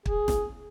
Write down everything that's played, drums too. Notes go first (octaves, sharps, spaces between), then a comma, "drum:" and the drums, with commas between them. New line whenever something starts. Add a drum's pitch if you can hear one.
G#4, drum: kick
drum: snare